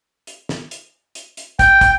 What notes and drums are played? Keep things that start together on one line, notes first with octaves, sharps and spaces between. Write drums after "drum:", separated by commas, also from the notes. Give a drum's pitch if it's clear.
drum: hi-hat
drum: snare
drum: hi-hat
drum: hi-hat
drum: hi-hat
G5, drum: kick, hi-hat
drum: kick, hi-hat